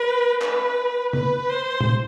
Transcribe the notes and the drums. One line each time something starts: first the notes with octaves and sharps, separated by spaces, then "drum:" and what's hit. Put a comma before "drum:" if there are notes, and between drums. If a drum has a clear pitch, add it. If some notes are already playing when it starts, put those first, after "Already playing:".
Already playing: B4
B4, drum: clap
B4, drum: tom
C5
drum: tom